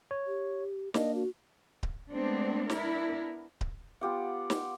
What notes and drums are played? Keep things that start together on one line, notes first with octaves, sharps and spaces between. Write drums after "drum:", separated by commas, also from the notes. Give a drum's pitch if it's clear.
C#5
G4
A#3 D4 D#5, drum: snare
F#4
drum: kick D1
G#3 A3 B3 C4 D4
B3 D4 E4 A#4, drum: snare
drum: kick D1
B3 F4 G4 F#5
drum: snare